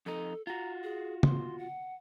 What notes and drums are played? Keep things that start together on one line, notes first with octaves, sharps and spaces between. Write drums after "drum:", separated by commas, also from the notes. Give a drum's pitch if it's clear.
F2 D#4 A4
F4 F#4 A#5
G#4
C6, drum: tom
F#5